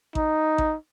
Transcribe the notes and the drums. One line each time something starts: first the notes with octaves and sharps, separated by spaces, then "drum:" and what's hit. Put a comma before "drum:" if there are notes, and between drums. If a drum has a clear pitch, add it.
D#4, drum: kick A1
drum: kick A1